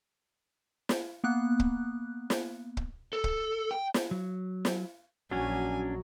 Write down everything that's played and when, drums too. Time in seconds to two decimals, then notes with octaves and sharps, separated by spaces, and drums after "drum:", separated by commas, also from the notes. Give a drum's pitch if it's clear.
0.89 drum: snare
1.24 A#3 B3 F#6
1.60 drum: kick
2.30 drum: snare
2.77 drum: kick
3.13 A4
3.24 drum: kick
3.71 G5
3.94 drum: snare
4.11 F#3
4.65 drum: snare
5.31 A#1 F#3 C#4 D4 F#4 G#5